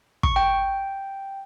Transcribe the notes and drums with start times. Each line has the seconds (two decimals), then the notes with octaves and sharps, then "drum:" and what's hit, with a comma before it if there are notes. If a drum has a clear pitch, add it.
0.23 C#6, drum: kick
0.36 G5